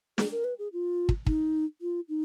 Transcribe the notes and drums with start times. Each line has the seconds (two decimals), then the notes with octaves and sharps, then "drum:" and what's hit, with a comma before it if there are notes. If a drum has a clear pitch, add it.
0.18 G#4, drum: snare
0.32 A#4
0.44 B4
0.59 G#4
0.73 F4
1.09 drum: kick
1.26 D#4, drum: kick
1.81 F4
2.09 D#4